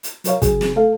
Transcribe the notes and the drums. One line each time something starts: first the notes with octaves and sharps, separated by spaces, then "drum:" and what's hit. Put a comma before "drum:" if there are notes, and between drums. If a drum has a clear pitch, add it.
drum: hi-hat
F#3 A#4 C#5 F5, drum: hi-hat
C#3 F#3 G#4, drum: kick, hi-hat
drum: snare
A3 A4 F5